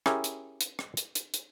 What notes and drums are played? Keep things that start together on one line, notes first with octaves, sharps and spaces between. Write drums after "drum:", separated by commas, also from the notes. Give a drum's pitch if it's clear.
C#4 E4 G4 G#4 A#4, drum: rim click
drum: hi-hat
drum: hi-hat
drum: rim click
drum: hi-hat
drum: hi-hat
drum: hi-hat